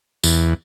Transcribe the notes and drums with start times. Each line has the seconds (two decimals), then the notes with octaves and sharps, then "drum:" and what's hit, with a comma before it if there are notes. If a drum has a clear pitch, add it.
0.23 E2, drum: tambourine